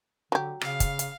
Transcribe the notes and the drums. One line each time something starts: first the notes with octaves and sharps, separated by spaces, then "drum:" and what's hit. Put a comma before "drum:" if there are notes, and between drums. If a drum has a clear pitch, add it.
D3 F#3 G4
C#3 F5, drum: rim click
drum: kick, hi-hat
drum: hi-hat